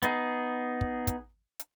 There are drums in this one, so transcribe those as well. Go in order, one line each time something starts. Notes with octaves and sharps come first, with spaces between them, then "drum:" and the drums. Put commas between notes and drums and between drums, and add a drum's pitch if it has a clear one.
B3 D#4 G#4, drum: hi-hat
drum: kick
drum: kick, hi-hat
drum: hi-hat